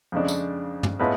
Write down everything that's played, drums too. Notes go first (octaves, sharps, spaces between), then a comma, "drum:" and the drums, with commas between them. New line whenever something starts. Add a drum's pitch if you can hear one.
F2 C#3 G#3 D4
drum: tambourine
drum: tom
A2 G#3 B3 F4 B4